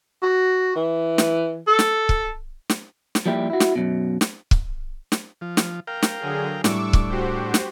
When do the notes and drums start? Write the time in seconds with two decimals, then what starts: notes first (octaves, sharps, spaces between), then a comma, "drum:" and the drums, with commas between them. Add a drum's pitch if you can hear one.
0.23 F#4
0.76 E3
1.18 drum: snare
1.67 A4
1.79 drum: snare
2.09 drum: kick
2.70 drum: snare
3.15 drum: snare
3.26 F3 G3 A#3 E4 G4
3.50 E4 F#4
3.60 drum: snare
3.75 F#2 B2
4.21 drum: snare
4.51 drum: kick
5.12 drum: snare
5.41 F3
5.57 drum: snare
5.87 A#4 F5 G5
6.03 drum: snare
6.20 D3 F#3 G#4
6.64 A2 G3 D4 E4 C#6 D6 E6, drum: snare
6.93 drum: kick
7.08 F#4 G4 C5
7.54 drum: snare